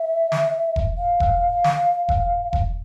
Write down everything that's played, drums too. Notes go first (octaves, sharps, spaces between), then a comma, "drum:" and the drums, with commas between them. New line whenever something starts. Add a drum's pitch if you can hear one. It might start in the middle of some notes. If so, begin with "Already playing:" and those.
Already playing: E5
drum: snare
drum: kick E1
F5
drum: kick E1
drum: snare
drum: kick E1
drum: kick E1